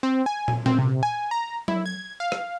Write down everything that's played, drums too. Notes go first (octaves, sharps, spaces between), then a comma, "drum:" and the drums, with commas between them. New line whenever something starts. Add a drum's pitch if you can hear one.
C4
G#5
drum: tom
C4, drum: tom A#2
C3
G#5
A#5
E4, drum: tom F#3
G#6
F5
drum: rim click